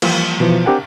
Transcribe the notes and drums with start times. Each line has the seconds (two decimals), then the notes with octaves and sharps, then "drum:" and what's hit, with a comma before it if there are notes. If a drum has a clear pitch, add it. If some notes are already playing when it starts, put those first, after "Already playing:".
0.02 E3 F3 G3 A#3, drum: cymbal
0.40 B2 E3 F3
0.66 C4 D4 G4 A#4 F#5 G#5